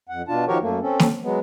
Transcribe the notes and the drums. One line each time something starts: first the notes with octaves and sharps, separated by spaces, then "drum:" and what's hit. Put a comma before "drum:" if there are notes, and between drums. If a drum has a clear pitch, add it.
F2 F#5
B2 D4 F4 A5
D#3 F3 F#4 G4 A#4 C#5
F#2 A3 A#3
C4 C#4 A4
drum: snare
F#3 G#3 B3